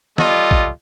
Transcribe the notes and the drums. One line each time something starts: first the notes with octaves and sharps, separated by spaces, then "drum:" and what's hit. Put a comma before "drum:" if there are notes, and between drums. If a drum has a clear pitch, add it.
G3 F4 A4 D#5, drum: snare
drum: kick